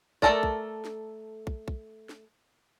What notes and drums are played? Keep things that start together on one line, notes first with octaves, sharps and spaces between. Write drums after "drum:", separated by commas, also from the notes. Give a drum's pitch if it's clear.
A3 F4 A4 A#4 D5, drum: kick
drum: kick
drum: snare
drum: kick
drum: kick
drum: snare